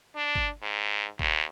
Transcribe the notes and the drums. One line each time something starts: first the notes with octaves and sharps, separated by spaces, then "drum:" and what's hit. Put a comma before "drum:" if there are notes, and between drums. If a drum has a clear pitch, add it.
D4
drum: kick
G#2
D#2, drum: kick